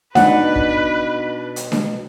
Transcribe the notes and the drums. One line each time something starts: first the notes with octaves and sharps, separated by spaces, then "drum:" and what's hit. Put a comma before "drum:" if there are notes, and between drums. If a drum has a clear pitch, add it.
B2 D4 D#4 B4 F#5, drum: snare D4
drum: kick
drum: hi-hat
drum: snare D4